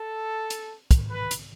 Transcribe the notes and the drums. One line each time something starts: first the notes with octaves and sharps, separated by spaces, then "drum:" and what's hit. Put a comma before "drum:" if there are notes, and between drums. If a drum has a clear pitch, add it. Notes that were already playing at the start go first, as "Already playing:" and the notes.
Already playing: A4
drum: hi-hat
drum: kick, hi-hat
B4
drum: hi-hat